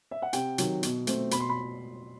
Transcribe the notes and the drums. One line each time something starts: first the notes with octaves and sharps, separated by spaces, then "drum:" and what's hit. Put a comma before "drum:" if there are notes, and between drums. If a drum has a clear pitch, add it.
E5
F#5
C3 G5, drum: hi-hat
D#3 F#3, drum: hi-hat
B2, drum: hi-hat
A3 C4, drum: hi-hat
B2 B5, drum: hi-hat
C6
B5